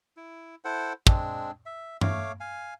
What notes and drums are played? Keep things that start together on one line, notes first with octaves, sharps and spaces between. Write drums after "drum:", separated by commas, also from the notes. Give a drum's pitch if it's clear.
E4
E4 A4 C5 F#5
G#3 C4 D4, drum: kick
E5
A3 C#5 F5 D6, drum: tom G2
F5 G#5